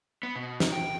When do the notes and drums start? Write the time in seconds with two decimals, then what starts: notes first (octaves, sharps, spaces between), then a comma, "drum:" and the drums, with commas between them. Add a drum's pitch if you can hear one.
0.23 B3
0.36 B2
0.60 D#4, drum: snare
0.72 G5